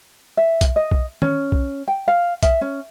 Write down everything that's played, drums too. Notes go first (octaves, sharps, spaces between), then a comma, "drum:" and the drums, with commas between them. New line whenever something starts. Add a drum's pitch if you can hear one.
E5
drum: kick B1, hi-hat
D#5
drum: kick B1
C#4, drum: tom
drum: kick B1
G5
F5
E5, drum: kick B1, hi-hat
C#4